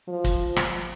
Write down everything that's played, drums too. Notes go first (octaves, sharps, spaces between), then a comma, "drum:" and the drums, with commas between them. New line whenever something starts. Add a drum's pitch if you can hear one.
F3
drum: kick, hi-hat
drum: rim click